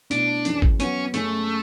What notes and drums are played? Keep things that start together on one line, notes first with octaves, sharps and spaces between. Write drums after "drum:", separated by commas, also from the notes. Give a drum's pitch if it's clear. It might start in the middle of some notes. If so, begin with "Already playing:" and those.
B2 A3 D4 E4, drum: hi-hat
F#2 E3 G#3, drum: hi-hat
drum: kick G#1
F#3 B3 C#4 F#4, drum: hi-hat
F#2 C#3 G#3 A3 C#4, drum: hi-hat